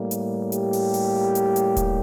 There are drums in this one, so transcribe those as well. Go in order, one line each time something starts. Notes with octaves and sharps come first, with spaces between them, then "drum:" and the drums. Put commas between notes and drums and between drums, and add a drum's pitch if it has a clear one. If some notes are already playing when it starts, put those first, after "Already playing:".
Already playing: A2 G3 A#3
drum: hi-hat
G4, drum: hi-hat
drum: open hi-hat
drum: open hi-hat
drum: hi-hat
drum: hi-hat
drum: kick D#1, hi-hat